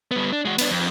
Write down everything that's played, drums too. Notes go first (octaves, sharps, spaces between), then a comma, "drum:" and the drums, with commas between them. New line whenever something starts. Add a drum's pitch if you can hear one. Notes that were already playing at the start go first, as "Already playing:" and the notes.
G3 B3
D4
G#3 F#4
B3 D4, drum: cymbal
F2